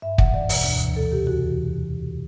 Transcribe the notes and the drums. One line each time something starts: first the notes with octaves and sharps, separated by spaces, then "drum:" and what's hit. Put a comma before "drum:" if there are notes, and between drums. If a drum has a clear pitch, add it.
G2 E5
E3 F#5, drum: kick
E2 D5
B2, drum: open hi-hat
D2
C3 E3
D2 A4
C3 E3 G4
E2 F#4
C3 E3